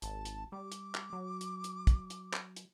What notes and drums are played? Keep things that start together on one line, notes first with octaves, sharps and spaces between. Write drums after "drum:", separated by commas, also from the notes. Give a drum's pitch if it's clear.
G#1 A5, drum: hi-hat
drum: hi-hat
G3 D6
drum: hi-hat
drum: clap
F#3
drum: hi-hat
drum: hi-hat
drum: kick, hi-hat
drum: hi-hat
drum: clap
drum: hi-hat